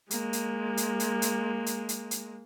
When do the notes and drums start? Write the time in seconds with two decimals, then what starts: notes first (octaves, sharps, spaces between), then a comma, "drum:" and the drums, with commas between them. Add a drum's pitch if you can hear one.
0.11 G#3 A#3, drum: hi-hat
0.33 drum: hi-hat
0.77 drum: hi-hat
1.00 drum: hi-hat
1.22 drum: hi-hat
1.66 drum: hi-hat
1.89 drum: hi-hat
2.11 drum: hi-hat